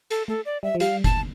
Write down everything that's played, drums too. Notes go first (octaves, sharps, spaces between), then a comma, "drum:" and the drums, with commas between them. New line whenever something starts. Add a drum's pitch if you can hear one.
A4, drum: hi-hat
A3 A4
D5
G3 E5
F3
G3 F5, drum: hi-hat
A5, drum: kick F1, hi-hat